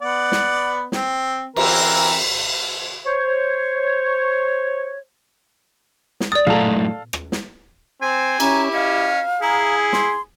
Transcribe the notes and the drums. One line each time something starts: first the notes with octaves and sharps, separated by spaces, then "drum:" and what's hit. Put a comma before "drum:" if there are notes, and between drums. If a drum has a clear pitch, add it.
B3 D5 F#5
drum: snare
C4, drum: snare
E3 C4 A#4, drum: cymbal
C5 C#5
drum: snare
D5 D#6 A6
F#2 A2 A4 F5 A#5, drum: tom A#2
drum: rim click
drum: snare
C4 G#5
C#4 E4 G4 A#5, drum: cymbal
C#4 D#5 F5
E4 G#4 A#5
C6, drum: snare